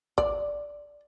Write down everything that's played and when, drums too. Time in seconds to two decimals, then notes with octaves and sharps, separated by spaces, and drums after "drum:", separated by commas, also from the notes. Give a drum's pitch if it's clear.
0.18 D5, drum: kick